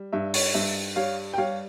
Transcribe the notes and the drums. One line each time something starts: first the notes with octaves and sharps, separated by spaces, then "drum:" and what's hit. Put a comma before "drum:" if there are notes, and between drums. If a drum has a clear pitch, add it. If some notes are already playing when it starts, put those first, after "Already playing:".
Already playing: G3
G2 E5
C#5, drum: open hi-hat
G2 E5
G3 C#5 F5
G5
G3 C#5 F5